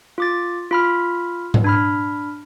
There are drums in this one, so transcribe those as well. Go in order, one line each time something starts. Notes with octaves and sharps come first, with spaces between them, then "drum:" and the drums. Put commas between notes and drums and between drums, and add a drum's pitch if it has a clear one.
F4 D6 A6
F4 B5 F6
drum: tom G#2
D4 B5 F6